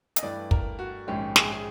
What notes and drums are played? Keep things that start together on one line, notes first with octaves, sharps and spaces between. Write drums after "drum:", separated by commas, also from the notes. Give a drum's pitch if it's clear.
D#5, drum: hi-hat
G2 E3 A3 D5
A#4, drum: kick
F#4
A#1 G#2 D#3 G#3 C#4 G4
G#4, drum: snare
G#4